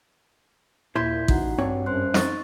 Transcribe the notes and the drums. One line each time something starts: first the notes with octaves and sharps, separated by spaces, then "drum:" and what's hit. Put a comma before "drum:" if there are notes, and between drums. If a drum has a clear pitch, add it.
D#2 A#2 E4 C5 C6 G6 G#6 B6
A1 D#4 F#4 F#5, drum: kick A1
G2 C4 D4 C#5
F#2 C5 C6 F#6
D#4 D#5 C#6 A6, drum: snare